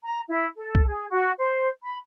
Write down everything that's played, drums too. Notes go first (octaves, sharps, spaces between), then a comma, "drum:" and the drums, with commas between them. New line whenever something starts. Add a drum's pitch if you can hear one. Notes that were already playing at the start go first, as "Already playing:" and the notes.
A#5
E4
A4
drum: kick C2
G#4
F#4
C5
B5